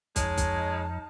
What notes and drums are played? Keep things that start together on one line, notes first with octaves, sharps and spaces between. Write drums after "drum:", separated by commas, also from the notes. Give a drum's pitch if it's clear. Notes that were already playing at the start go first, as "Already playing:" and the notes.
F2 G#3 D#4 C#5 A5 F6, drum: kick, hi-hat
drum: kick, hi-hat